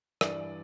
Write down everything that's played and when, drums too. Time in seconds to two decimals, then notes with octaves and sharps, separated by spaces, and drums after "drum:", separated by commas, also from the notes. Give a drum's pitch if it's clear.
0.21 G2 E3 D5, drum: rim click